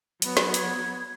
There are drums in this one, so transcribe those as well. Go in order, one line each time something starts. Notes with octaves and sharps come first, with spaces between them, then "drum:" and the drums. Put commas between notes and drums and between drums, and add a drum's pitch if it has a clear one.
F#3 B3, drum: hi-hat
drum: snare
G#6, drum: hi-hat